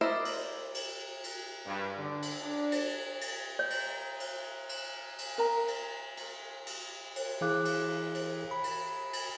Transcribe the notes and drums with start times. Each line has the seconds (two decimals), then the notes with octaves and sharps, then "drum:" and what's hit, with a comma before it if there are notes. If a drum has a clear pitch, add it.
0.01 E4 A#4 C5 D5 D#5
0.25 drum: cymbal
0.74 drum: cymbal
1.24 drum: cymbal
1.66 G2
1.98 D3
2.22 drum: cymbal
2.41 D4
2.72 drum: cymbal
3.21 drum: cymbal
3.59 C#5
3.70 drum: cymbal
4.20 drum: cymbal
4.69 drum: cymbal
5.18 drum: cymbal
5.38 A#4 A#5
5.68 drum: cymbal
6.17 drum: cymbal
6.66 drum: cymbal
7.16 drum: cymbal
7.41 E3 E4 G#4 F5 D6 F#6
7.65 drum: cymbal
8.14 drum: cymbal
8.51 B5
8.64 drum: cymbal
9.13 drum: cymbal